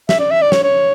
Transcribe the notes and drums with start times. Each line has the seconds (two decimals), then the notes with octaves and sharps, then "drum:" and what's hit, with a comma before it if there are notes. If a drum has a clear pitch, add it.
0.09 E5, drum: snare
0.19 D5
0.31 E5
0.42 D5
0.52 C#5, drum: snare
0.63 C#5